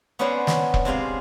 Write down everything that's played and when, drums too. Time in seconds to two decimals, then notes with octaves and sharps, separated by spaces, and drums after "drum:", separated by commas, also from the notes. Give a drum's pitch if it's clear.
0.19 B3 C#4 D4 F#4 C5 C#5
0.47 drum: snare
0.74 drum: kick E1
0.85 C3 G#3 C5 F5